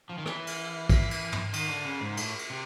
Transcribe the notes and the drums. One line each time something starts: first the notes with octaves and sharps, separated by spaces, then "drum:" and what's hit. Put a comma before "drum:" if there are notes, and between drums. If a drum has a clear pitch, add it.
F3
D#3
E3, drum: rim click
drum: cymbal
drum: kick, cymbal
drum: cymbal
drum: tom
D#3, drum: cymbal
D3
C#3
G#2
A2, drum: cymbal
drum: cymbal
C3